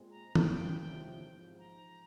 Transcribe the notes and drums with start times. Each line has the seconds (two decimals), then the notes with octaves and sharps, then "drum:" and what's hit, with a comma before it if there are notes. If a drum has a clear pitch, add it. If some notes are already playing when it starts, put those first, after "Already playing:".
Already playing: A#2 G#3 C4
0.11 A#5
0.35 G#1 G#2 G3 A#3 C#4 G5, drum: tom
0.84 E2 C3 F3
1.35 A#1 G#2 F3
1.59 A#5